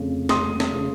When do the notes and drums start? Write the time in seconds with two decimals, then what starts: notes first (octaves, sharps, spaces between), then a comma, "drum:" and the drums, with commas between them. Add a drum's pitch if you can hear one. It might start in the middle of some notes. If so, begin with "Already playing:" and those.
Already playing: F1 F2 C#3
0.29 F1 C6 D#6, drum: snare
0.60 drum: snare
0.76 C#3